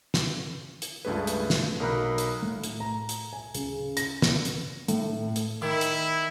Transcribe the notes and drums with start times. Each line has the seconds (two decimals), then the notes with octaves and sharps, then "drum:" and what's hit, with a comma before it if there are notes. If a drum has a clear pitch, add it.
0.14 drum: snare
0.82 drum: hi-hat
1.05 C#2 G2 A3 G#4 B4
1.27 drum: hi-hat
1.50 drum: snare
1.80 B1 A#4 A#5 B5 F#6
2.18 drum: hi-hat
2.42 A2
2.64 drum: hi-hat
2.80 A#5
3.09 drum: hi-hat
3.33 G#5
3.54 C#3, drum: hi-hat
3.97 A#6, drum: hi-hat
4.22 drum: snare
4.45 drum: hi-hat
4.88 A2, drum: hi-hat
5.36 drum: hi-hat
5.62 D#3 E4
5.81 drum: hi-hat